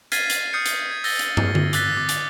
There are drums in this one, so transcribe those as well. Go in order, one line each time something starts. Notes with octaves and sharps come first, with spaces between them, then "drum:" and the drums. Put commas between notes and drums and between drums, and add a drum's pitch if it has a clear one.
F6 G#6 A6 B6 C7 D#7, drum: hi-hat
drum: hi-hat
D#6 F6 G6 C7 C#7
drum: hi-hat
G#6
E6 A6 A#6 G7, drum: open hi-hat
drum: hi-hat
drum: tom
drum: tom D3
D6 E6 F#6 A6 B6 G7, drum: hi-hat
D6
drum: hi-hat